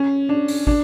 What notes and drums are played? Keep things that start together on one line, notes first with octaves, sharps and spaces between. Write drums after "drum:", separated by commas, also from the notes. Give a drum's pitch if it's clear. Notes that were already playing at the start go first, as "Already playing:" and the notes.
Already playing: C#4
D4
drum: open hi-hat
D4, drum: kick